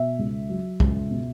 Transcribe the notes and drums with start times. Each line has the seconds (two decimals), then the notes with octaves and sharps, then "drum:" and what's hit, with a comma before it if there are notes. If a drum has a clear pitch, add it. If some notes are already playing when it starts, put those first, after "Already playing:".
Already playing: B2 E5
0.19 C#2
0.49 F#3
0.80 C#2, drum: kick
1.11 B2